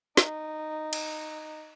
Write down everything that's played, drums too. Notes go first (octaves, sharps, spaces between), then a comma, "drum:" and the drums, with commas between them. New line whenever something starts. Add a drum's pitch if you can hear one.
D#4, drum: snare
drum: cymbal